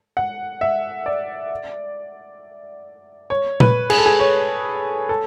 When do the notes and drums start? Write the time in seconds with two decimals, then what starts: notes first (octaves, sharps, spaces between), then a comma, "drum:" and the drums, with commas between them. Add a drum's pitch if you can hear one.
0.17 F#5
0.61 E5
1.06 D5
3.30 C#5
3.60 B4, drum: tom
3.90 G#4, drum: cymbal
3.98 A4
4.06 G#4
4.20 C#5
5.09 A4